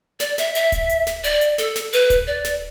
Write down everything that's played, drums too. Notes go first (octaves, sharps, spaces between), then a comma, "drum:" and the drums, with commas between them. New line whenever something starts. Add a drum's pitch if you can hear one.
D5, drum: snare
E5, drum: snare
E5, drum: hi-hat
drum: kick D1, hi-hat
drum: hi-hat
drum: snare
D5, drum: hi-hat
drum: hi-hat
A4, drum: snare
drum: snare
B4, drum: hi-hat
drum: kick D1, hi-hat
D5
drum: snare